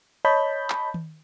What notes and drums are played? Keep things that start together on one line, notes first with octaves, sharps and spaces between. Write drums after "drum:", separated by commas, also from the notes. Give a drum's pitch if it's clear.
C#5 D#5 A5 B5 G6
drum: clap
drum: tom D#3